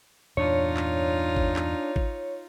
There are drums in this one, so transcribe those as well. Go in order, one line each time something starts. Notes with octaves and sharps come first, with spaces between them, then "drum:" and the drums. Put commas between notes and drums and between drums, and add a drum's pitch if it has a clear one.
E2 G2 A#2 D4 D#4 F4 C#5
drum: clap
drum: kick G#1
drum: clap
drum: kick G#1